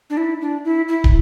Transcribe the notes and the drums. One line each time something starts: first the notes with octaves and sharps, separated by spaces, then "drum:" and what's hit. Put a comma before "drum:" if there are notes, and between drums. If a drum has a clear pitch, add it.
D4
E4
D4
E4
E4
drum: kick